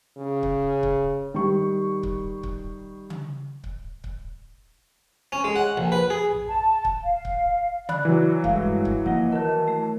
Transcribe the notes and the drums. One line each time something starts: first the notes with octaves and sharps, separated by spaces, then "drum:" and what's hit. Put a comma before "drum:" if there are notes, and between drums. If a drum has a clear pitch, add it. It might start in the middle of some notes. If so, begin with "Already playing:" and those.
C#3
drum: kick C#1
drum: kick C#1
D#3 G3 C#6
drum: kick C#1
drum: kick C#1
drum: tom C#3
drum: kick C#1
drum: kick C#1
C#4
G#3
F#5
A#1
B4
G#4
drum: tom A#1
A5
drum: kick C#1
F5
drum: kick C#1
D5 B5 F#6, drum: tom C#3
E3 F#3
G2 G#3 A3 F5, drum: kick C#1
drum: kick C#1
F3 A#3 D#5 F#5
D#3 A#4 A5
A3